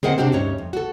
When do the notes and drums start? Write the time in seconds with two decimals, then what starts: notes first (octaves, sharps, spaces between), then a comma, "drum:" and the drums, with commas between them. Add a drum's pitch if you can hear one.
0.03 C4 G#4 A#4 C5 D#5 F#5, drum: tom D3
0.18 C3 C4 D4 F#4 G4 C5
0.32 D2 G2 C#4 D#4 C#5
0.58 F2
0.73 F#4 A4